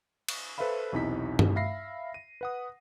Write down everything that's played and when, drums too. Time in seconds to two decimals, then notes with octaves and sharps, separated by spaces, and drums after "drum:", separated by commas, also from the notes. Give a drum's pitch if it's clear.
0.28 drum: cymbal
0.58 A4 B4 C5 E5 F5 B5
0.92 B1 E2 C3 D#4 E4 B6
1.39 drum: tom G2
1.56 E5 F5 B5 A#6 C7
2.14 D#7
2.41 B4 F#5 D#6